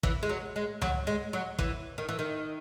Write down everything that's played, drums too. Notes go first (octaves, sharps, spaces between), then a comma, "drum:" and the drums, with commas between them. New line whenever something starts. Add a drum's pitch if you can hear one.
E3, drum: kick
G#3
F#3
G#3
F#3, drum: tom C#2
G#3
F#3
E3, drum: kick
D#3
E3
D#3